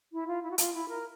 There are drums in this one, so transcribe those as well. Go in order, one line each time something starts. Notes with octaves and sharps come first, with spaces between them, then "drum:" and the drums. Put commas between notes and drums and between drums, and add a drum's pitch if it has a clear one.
E4
F4
E4
F#4
F4, drum: hi-hat
E4
A#4